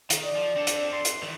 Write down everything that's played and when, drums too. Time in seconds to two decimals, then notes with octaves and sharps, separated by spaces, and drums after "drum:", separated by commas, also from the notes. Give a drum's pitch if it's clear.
0.10 D#3, drum: hi-hat
0.23 D5
0.36 F3
0.56 C4 D4 A4
0.67 drum: hi-hat
0.92 C6
1.05 drum: hi-hat
1.23 D#3 E3